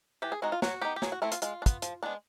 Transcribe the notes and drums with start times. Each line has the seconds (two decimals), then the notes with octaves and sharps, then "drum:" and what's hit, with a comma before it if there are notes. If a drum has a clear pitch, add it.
0.22 E3 G4
0.32 G#4
0.42 G#3 C4 D#4 F#4
0.52 F4
0.62 F#3 F#4, drum: snare
0.81 B3 D#4 G4
0.96 G4
1.02 F#3 G#4, drum: snare
1.12 F#4
1.22 A3 C4 E4
1.32 F4, drum: hi-hat
1.42 G#3 F4, drum: hi-hat
1.62 D4
1.66 B3, drum: kick, hi-hat
1.82 F3, drum: hi-hat
2.03 G#3 B3 D4